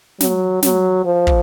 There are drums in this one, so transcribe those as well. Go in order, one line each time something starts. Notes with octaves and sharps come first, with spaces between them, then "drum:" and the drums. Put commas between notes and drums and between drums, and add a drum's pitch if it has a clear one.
F#3, drum: snare
F#3, drum: snare
F3
drum: kick